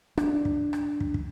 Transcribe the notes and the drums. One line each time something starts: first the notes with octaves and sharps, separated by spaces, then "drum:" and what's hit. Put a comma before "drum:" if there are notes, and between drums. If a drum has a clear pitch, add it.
D4, drum: rim click
drum: kick
drum: rim click
drum: kick
drum: kick